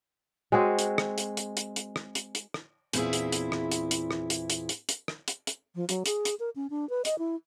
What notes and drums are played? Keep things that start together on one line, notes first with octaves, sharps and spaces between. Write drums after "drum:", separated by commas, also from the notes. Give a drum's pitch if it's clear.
G#3 C4 F#4 G#4
drum: hi-hat
drum: rim click
drum: hi-hat
drum: hi-hat
drum: hi-hat
drum: hi-hat
drum: rim click
drum: hi-hat
drum: hi-hat
drum: rim click
E2 A#2 C4 E4 G#4 E5, drum: hi-hat
drum: hi-hat
drum: hi-hat
drum: rim click
drum: hi-hat
drum: hi-hat
drum: rim click
drum: hi-hat
drum: hi-hat
drum: hi-hat
drum: hi-hat
drum: rim click
drum: hi-hat
drum: hi-hat
F3
F#3, drum: hi-hat
G#4, drum: hi-hat
drum: hi-hat
A#4
C#4
D4
B4
D#5, drum: hi-hat
E4